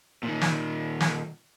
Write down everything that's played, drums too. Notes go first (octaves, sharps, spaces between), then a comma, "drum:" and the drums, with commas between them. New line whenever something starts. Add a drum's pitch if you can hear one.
A#2 D#3
drum: snare
drum: snare